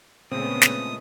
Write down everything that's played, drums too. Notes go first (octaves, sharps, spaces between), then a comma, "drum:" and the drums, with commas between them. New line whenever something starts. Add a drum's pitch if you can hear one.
A#2 C#3 G#3 A3 B3 C4 D#6
drum: snare